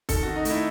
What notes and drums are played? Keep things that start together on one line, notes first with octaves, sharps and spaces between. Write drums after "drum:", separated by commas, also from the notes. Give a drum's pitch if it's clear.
D#3 A4, drum: kick, hi-hat
D#3 F#4
D#4
A3, drum: hi-hat
E4